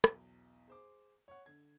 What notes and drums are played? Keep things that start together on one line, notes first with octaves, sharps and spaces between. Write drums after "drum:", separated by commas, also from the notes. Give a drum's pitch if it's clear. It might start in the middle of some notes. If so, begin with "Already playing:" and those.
B1 E2, drum: rim click
G#4 C5 D6
C#5 F#5
D3 G#6